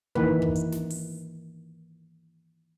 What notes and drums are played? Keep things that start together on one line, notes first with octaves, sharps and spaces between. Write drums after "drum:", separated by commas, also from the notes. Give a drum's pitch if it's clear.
D#3 E3 A#3 B4, drum: kick
drum: kick
drum: hi-hat
drum: snare
drum: open hi-hat